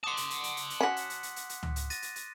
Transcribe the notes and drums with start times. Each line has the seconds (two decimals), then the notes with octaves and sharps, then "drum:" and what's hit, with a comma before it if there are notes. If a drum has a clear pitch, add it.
0.04 F#5 A5 C6 D6 D#6
0.17 drum: hi-hat
0.30 drum: hi-hat
0.44 drum: hi-hat
0.57 drum: hi-hat
0.70 drum: hi-hat
0.81 C#4 F#4 F#6 B6 C#7
0.96 drum: hi-hat
1.10 drum: hi-hat
1.23 drum: hi-hat
1.36 drum: hi-hat
1.49 drum: hi-hat
1.63 drum: tom C#2
1.76 drum: hi-hat
1.90 A6 A#6 D#7, drum: hi-hat
2.02 drum: hi-hat
2.16 drum: hi-hat